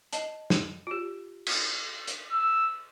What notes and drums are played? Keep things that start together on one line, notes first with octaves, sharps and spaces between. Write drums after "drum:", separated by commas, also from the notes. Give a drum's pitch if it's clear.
D#5 A5, drum: hi-hat
drum: snare
F4 G4
drum: cymbal
drum: hi-hat
E6